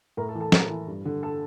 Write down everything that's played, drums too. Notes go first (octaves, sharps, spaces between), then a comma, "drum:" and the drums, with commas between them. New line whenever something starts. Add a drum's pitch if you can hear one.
A2 A#4 A#5
A4 A5
E3
A4 A5
A2 A#4 A#5, drum: snare
E3
G2
D3
A4 A5